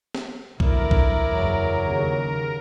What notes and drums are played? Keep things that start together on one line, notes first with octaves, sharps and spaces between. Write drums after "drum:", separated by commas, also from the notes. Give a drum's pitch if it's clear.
drum: snare
D2 E4 A#4 D5, drum: kick B1
drum: kick B1
F#1 E2 F#3
D#2 C#3